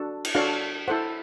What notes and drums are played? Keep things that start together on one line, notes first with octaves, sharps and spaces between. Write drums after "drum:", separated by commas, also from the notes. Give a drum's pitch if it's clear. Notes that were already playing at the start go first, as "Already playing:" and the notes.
Already playing: D4 F#4 A4
drum: cymbal
D4 F#4 A4 C#5 F5
E4 A4 C5 F#5